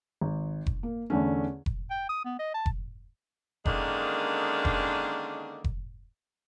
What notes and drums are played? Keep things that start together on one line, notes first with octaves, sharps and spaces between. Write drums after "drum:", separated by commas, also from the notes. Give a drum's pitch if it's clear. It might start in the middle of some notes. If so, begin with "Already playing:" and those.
G#1
drum: kick F1
A#3
E2 D3 A3 C#4
drum: kick F1
G5
D#6
B3
D#5
A5
drum: kick F1
D3 D#3 G#3 A#3 C#4 D4, drum: kick F1
drum: kick F1
drum: kick F1